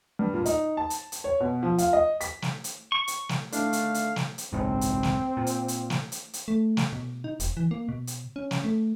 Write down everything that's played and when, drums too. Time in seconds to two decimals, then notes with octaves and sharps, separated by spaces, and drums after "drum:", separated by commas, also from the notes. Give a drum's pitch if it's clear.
0.19 G2
0.34 A#2
0.46 D#4, drum: hi-hat
0.77 A5
0.90 drum: hi-hat
1.12 drum: hi-hat
1.24 C#5
1.40 B2
1.63 F3
1.78 F4, drum: hi-hat
1.93 D#5
2.21 B6, drum: hi-hat
2.42 drum: snare
2.64 drum: hi-hat
2.92 C#6
3.08 drum: hi-hat
3.29 drum: snare
3.52 D3 D#3 A3 D4 F5, drum: hi-hat
3.73 drum: hi-hat
3.94 drum: hi-hat
4.16 drum: snare
4.38 drum: hi-hat
4.53 F#1 B1 G#2 C4
4.81 drum: hi-hat
5.03 drum: snare
5.37 A#2
5.47 drum: hi-hat
5.68 drum: hi-hat
5.90 drum: snare
6.12 drum: hi-hat
6.33 drum: hi-hat
6.48 A3
6.77 drum: snare
6.93 B2
7.24 D#4
7.40 E1, drum: hi-hat
7.57 E3
7.71 A#3
7.89 B2
8.07 drum: hi-hat
8.36 C#4
8.51 drum: snare
8.64 A3